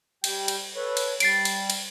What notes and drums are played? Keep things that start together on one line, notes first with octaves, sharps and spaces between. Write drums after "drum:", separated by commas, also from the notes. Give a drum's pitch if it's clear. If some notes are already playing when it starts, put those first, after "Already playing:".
G3 G5, drum: cymbal
drum: cymbal
A4 B4 C#5
drum: cymbal
G3 A6 C7 D7, drum: cymbal
drum: cymbal
drum: cymbal